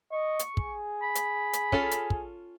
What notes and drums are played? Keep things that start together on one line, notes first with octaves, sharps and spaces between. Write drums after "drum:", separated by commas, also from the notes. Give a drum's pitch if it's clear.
D#5 C#6
drum: hi-hat
G#4, drum: kick
B5
drum: hi-hat
drum: hi-hat
C#4 F4 A4, drum: kick
drum: hi-hat
drum: kick